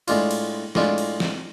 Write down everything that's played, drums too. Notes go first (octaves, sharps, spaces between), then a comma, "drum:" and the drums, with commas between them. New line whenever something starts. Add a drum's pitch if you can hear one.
A2 G#3 D4 F4, drum: cymbal
drum: cymbal
A2 G#3 D4 F4, drum: snare
drum: cymbal
drum: snare